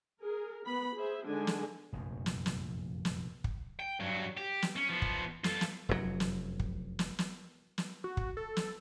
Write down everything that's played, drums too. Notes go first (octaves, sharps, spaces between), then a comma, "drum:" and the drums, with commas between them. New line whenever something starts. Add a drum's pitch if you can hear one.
G#4 A#4
B3 B5
G#4 C5 E5
D3 D#3 G#3 D4 G#5
drum: snare
F1 A#1 F#2
drum: snare
drum: snare
drum: snare
drum: kick
G5
G2 F#3
G4
drum: snare
C#4
F3 B3
drum: kick
F4 A4, drum: snare
drum: snare
F1 F#2 A#2 F#3
drum: snare
drum: kick
drum: snare
drum: snare
drum: snare
F#4
drum: kick
A4
drum: snare